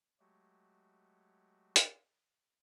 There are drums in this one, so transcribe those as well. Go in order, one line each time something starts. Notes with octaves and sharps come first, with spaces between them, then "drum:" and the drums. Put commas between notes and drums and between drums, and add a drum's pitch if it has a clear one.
F#3 G#3 A3 F#4 G4
drum: hi-hat